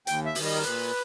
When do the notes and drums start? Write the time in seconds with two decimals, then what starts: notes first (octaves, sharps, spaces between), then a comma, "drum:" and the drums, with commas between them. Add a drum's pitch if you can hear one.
0.07 D#2 G5, drum: hi-hat
0.26 E5
0.35 D#3 G3, drum: open hi-hat
0.45 D#5
0.55 A#4
0.63 A#2 B4, drum: hi-hat